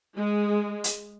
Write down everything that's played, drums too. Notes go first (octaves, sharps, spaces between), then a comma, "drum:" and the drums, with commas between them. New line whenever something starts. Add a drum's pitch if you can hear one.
G#3
drum: hi-hat